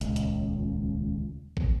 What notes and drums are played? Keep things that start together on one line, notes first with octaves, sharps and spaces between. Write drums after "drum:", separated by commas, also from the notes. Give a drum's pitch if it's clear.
D#1 C#2, drum: hi-hat
drum: hi-hat
drum: kick A1